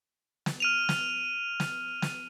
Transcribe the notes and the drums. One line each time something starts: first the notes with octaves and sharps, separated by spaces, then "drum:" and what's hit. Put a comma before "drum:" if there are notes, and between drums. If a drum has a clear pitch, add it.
drum: snare
F6 D#7 F7
drum: snare
drum: snare
drum: snare